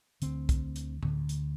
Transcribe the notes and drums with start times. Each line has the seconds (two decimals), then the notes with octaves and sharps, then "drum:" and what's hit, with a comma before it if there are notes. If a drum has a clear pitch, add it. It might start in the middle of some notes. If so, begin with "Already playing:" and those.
0.22 D2 D3 C4, drum: hi-hat
0.49 drum: kick B1, hi-hat
0.76 drum: hi-hat
1.03 D2 D3, drum: tom A2
1.29 drum: hi-hat